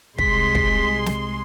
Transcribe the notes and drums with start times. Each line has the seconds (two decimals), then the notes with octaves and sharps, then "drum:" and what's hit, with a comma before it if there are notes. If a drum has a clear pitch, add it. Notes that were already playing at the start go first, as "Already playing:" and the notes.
0.18 C2 G#3 C6 B6, drum: kick
0.55 drum: kick
1.06 drum: snare